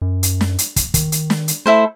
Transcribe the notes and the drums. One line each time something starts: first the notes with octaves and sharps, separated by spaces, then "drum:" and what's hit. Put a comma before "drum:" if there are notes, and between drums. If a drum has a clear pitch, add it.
F#2
drum: hi-hat
drum: snare
drum: hi-hat
drum: kick, hi-hat
D#3, drum: kick, hi-hat
drum: hi-hat
drum: snare
drum: hi-hat
A3 E4 A4 C5